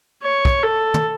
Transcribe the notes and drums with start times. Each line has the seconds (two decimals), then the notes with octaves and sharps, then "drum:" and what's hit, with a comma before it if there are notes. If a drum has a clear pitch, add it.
0.23 C#5
0.45 drum: kick
0.63 A4
0.94 drum: tom